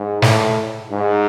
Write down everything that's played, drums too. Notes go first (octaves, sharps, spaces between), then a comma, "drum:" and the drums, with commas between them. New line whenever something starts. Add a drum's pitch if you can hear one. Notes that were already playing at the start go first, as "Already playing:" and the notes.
Already playing: G#2
A2, drum: snare
G#2